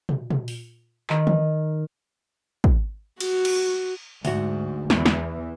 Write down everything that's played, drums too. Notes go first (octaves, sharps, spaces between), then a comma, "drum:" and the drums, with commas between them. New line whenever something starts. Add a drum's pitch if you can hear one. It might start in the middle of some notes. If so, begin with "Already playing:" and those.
drum: tom
drum: tom
drum: open hi-hat
D#3, drum: clap
drum: tom
drum: kick
F#4, drum: cymbal
drum: cymbal
D2 G#2 F#4, drum: open hi-hat
E2 E3, drum: snare
drum: snare